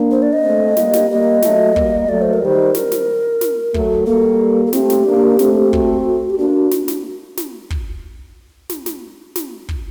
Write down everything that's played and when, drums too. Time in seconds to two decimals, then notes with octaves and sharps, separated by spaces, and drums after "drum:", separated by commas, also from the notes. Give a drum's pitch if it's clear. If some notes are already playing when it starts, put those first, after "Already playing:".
Already playing: A#3 D4
0.11 C5
0.22 D5
0.33 D#5
0.43 A3 C4
0.77 G3 A#3, drum: snare
0.93 drum: snare
1.09 G3 A#3 D#5
1.42 F#3 A3, drum: snare
1.76 G3 A#3, drum: kick
2.08 F#3 A3 D5
2.22 C5
2.33 A#4
2.42 D#3 G3 C5
2.75 A#4, drum: snare
2.92 drum: snare
3.41 drum: snare
3.74 F#3 A3, drum: kick
4.07 G3 A#3 A4
4.66 A4
4.73 A3 C4 G4, drum: snare
4.90 drum: snare
5.06 A#3 D4
5.39 A3 C4, drum: snare
5.73 F#4, drum: kick
6.30 G4
6.38 A#3 D4 F#4
6.71 drum: snare
6.88 drum: snare
7.37 drum: snare
7.70 drum: kick
8.70 drum: snare
8.86 drum: snare
9.36 drum: snare
9.69 drum: kick